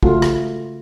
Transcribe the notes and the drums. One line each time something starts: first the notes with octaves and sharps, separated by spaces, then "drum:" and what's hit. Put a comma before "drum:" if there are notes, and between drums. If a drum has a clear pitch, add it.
C#3 A3 F4 F#4, drum: kick
drum: rim click